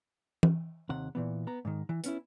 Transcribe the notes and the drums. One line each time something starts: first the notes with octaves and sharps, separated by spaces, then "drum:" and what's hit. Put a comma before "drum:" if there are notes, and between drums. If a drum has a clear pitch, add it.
drum: tom E3
D#2 C3 F#5
A#2 E3 B3
B3 A#5
G#2 D#3
E3
B3 C#4 E4, drum: hi-hat